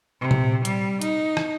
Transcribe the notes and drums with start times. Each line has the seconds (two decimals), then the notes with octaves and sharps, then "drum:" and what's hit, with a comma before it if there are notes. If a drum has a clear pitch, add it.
0.21 C3
0.31 drum: tom A#2
0.65 G3, drum: hi-hat
1.01 D#4, drum: hi-hat
1.37 drum: rim click